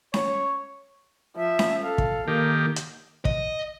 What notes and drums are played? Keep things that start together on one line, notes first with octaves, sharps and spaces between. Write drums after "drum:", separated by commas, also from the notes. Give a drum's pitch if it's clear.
C#5, drum: snare C#4
F3 E5
drum: snare C#4
A4 F5
drum: kick
D#3 A#3 G4
drum: hi-hat
D#5, drum: kick